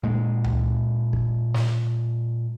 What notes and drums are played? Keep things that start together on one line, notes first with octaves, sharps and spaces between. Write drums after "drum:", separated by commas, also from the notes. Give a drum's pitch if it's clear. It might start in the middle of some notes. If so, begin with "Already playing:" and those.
A#2 G#3
drum: tom C#2
drum: kick
drum: snare